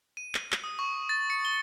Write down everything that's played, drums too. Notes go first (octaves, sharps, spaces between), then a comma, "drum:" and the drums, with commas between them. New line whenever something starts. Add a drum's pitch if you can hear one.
D#7
drum: clap
drum: clap
D#6
C#6
A6
C#7
G7